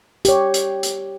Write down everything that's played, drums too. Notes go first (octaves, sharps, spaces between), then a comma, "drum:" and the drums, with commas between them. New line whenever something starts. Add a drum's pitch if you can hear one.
G4 C#5, drum: hi-hat
drum: hi-hat
drum: hi-hat